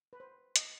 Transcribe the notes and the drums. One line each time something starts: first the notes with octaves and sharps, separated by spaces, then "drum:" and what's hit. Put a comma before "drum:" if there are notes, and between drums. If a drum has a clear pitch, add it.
B4
C5
D#5, drum: hi-hat